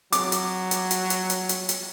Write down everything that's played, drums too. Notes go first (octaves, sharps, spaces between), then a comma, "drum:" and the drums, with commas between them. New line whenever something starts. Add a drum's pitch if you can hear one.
F#3 D6, drum: hi-hat
drum: hi-hat
drum: hi-hat
drum: hi-hat
drum: hi-hat
drum: hi-hat
drum: hi-hat
drum: hi-hat